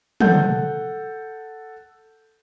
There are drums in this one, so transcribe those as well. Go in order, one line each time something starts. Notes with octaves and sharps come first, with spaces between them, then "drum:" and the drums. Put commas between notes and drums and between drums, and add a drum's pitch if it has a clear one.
A4 F#5 G6, drum: tom